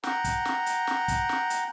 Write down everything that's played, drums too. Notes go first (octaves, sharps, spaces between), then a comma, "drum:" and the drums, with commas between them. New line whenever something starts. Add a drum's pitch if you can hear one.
F#5 G5 A#5, drum: snare
drum: kick, hi-hat
drum: snare
drum: hi-hat
drum: snare
drum: kick, hi-hat
drum: snare
drum: hi-hat